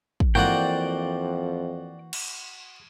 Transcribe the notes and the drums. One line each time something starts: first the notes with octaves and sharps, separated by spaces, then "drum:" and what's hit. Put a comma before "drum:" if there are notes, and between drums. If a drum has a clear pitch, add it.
drum: kick
F2 E3 A#3 F#4 C5 D5 F#5 G5, drum: tom G2
drum: cymbal